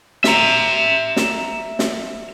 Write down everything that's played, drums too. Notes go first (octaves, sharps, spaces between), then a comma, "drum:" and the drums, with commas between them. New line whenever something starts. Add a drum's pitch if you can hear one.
E5 A#5, drum: snare
drum: snare
drum: snare